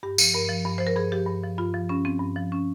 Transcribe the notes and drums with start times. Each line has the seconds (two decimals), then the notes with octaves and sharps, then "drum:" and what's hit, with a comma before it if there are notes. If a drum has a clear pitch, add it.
0.03 G2 G4
0.18 F3, drum: tambourine
0.34 G2 A#4
0.49 F3
0.66 G2
0.78 F3 C5
0.87 A#4
0.96 G2 G#4
1.12 F3 G4
1.27 G2
1.43 F3
1.58 G2 F4
1.74 F3
1.89 G2 C#4
2.05 F3 C4
2.20 G2
2.36 F3
2.52 C#4